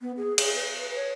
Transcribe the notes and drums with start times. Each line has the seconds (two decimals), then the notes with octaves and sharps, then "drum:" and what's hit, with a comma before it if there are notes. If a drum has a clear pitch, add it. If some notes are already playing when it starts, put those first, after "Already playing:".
0.01 B3
0.17 G#4
0.38 G#4, drum: cymbal
0.54 B4
0.81 B4
0.96 C#5